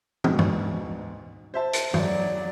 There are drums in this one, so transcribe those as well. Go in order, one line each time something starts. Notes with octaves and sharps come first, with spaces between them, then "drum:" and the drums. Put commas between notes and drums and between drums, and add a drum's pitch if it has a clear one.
D2 G#2 B2, drum: tom
drum: tom
C5 E5 A5
drum: hi-hat
F#3 D5, drum: tom